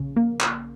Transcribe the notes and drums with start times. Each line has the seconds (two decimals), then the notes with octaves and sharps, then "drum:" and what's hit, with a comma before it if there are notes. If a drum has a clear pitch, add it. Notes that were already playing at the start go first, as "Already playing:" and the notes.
Already playing: A#1 C#3
0.16 A#3
0.40 drum: clap